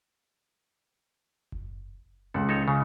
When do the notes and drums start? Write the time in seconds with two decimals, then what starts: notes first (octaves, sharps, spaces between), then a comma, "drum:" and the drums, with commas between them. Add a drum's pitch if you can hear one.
1.52 drum: kick F#1
2.34 C#2 A4 F#5
2.49 D#4 A4 C#5
2.68 C#3